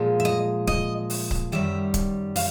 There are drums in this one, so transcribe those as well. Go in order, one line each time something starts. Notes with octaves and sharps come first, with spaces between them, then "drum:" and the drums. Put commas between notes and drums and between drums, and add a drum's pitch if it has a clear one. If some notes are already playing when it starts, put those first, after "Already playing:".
Already playing: A#2 F3 G#3
E5
D#5
D#5, drum: kick C#1
drum: open hi-hat
drum: kick C#1
F#2 D#3 G3 E5
drum: kick C#1, hi-hat
F5, drum: open hi-hat